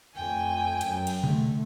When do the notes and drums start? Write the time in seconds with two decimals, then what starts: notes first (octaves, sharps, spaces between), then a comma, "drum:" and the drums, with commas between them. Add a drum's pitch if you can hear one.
0.16 F2 A3 G5 G#5
0.81 F#2, drum: hi-hat
1.07 drum: cymbal
1.24 D3 A3, drum: tom B2